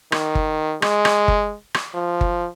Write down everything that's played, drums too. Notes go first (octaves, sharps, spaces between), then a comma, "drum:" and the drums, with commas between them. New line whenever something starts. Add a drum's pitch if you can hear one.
D#3, drum: rim click
drum: kick G1
G#3, drum: rim click
drum: rim click
drum: kick G1
drum: rim click
F3
drum: kick G1